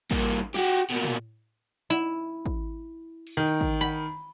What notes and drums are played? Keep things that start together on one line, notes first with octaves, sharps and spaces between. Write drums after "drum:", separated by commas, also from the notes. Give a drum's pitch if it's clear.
G2 A#3, drum: kick
F#4 G4, drum: snare
B2 A#3
drum: tom
E4
drum: kick
drum: cymbal
D#3
drum: kick
B5